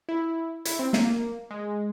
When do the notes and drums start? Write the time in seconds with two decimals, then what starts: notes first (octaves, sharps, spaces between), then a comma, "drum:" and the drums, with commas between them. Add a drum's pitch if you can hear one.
0.09 E4
0.65 E4, drum: hi-hat
0.79 C4
0.93 A#3, drum: snare
1.51 G#3